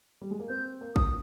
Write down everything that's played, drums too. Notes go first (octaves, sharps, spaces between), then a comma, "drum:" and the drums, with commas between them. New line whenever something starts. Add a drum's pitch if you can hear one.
G3
G#3
A#3
C4 G6
A#3
D#6, drum: kick